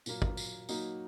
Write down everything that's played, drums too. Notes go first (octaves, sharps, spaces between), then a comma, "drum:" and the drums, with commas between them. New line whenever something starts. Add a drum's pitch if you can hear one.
A#2 F#3 A#3, drum: tambourine
drum: kick
drum: tambourine
F#3 A#3 D#4 F#4, drum: tambourine